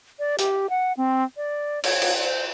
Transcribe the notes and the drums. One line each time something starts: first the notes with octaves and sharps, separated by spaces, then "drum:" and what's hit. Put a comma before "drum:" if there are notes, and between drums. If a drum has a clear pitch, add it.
D5
G4, drum: hi-hat
F#5
C4
D5
C#5, drum: cymbal
drum: cymbal
C5